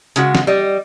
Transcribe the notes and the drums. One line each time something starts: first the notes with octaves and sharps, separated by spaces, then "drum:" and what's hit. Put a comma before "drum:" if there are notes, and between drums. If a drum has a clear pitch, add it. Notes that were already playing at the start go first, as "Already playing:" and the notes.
C#3 G#3 F#4, drum: hi-hat
drum: snare
G3 D#5